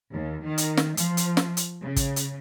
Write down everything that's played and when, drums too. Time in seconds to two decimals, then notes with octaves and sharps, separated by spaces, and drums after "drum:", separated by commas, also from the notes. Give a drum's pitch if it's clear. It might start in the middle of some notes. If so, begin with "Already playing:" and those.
0.12 D#2
0.45 D#3
0.58 drum: hi-hat
0.77 drum: snare
0.97 F3, drum: hi-hat
1.17 drum: hi-hat
1.37 drum: snare
1.57 drum: hi-hat
1.83 C#3
1.96 drum: kick, hi-hat
2.16 drum: hi-hat